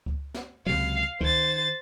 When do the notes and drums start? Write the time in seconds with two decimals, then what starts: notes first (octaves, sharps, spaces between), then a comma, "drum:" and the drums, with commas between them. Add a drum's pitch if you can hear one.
0.06 drum: kick C#2
0.34 drum: snare
0.66 C#2 C3 F#3 F5
1.21 D#3 C5 A6, drum: kick C#2